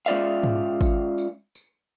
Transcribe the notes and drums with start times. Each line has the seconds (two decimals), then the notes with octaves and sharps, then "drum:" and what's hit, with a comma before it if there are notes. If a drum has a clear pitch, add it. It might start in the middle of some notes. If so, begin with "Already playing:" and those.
0.06 G#3 C#4 F4 D5 E5 F5, drum: tambourine
0.43 drum: tom G#2
0.81 drum: kick, tambourine
1.18 drum: tambourine
1.55 drum: tambourine